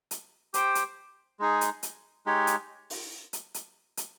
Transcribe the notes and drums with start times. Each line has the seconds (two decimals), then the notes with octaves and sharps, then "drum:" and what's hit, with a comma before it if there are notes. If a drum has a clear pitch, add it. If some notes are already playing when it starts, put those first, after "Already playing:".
0.11 drum: hi-hat
0.54 G4 C5 G5, drum: hi-hat
0.75 drum: hi-hat
1.40 G#3 D#4 G#4
1.61 drum: hi-hat
1.83 drum: hi-hat
2.26 G#3 D#4 G4 C#5
2.47 drum: hi-hat
2.90 drum: open hi-hat
3.33 drum: hi-hat
3.54 drum: hi-hat
3.97 drum: hi-hat